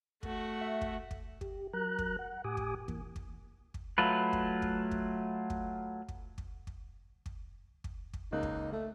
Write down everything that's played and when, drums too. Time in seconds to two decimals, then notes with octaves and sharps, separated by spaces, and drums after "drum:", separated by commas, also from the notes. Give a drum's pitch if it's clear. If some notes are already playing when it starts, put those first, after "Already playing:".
0.23 A3 F#4, drum: kick
0.61 E5
0.81 drum: kick
1.11 drum: kick
1.41 G4, drum: kick
1.73 F#3 A#4 A#5 F#6
1.99 drum: kick
2.19 F#5
2.44 A2 G4 G#5 D6 D#6
2.57 drum: kick
2.88 E3 A#3, drum: kick
3.16 drum: kick
3.74 drum: kick
3.98 F#3 A3 F4 B4
4.33 drum: kick
4.62 drum: kick
4.91 drum: kick
5.50 drum: kick
6.09 drum: kick
6.38 drum: kick
6.67 drum: kick
7.26 drum: kick
7.84 drum: kick
8.13 drum: kick
8.32 C#2 A#3 D#4 F#6
8.43 drum: kick
8.72 A3